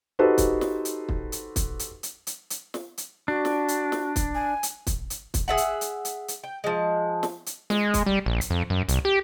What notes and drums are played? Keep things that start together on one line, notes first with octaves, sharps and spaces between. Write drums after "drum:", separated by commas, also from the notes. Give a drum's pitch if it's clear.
D#4 F#4 G4 A4 B4 C5
drum: kick, hi-hat
drum: snare
drum: hi-hat
drum: kick
drum: hi-hat
drum: kick, hi-hat
drum: hi-hat
drum: hi-hat
drum: hi-hat
drum: hi-hat
drum: snare
drum: hi-hat
D4 F#4
drum: snare
drum: hi-hat
drum: snare
drum: kick, hi-hat
G#5
drum: hi-hat
drum: kick, hi-hat
drum: hi-hat
drum: kick, hi-hat
G#4 A4 E5 F#5
drum: hi-hat
drum: hi-hat
drum: hi-hat
drum: hi-hat
G5
F3 G#3
drum: snare
drum: hi-hat
G#3, drum: snare
drum: kick, hi-hat
G3
A#1
drum: hi-hat
F2
F#2
C2, drum: hi-hat
G4